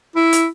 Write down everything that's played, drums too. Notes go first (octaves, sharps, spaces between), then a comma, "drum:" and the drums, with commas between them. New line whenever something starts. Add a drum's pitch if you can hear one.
E4
drum: hi-hat